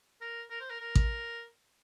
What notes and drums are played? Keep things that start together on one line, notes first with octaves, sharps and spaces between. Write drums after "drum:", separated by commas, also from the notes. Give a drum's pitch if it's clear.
A#4
A#4
C5
A#4
A#4
drum: kick A1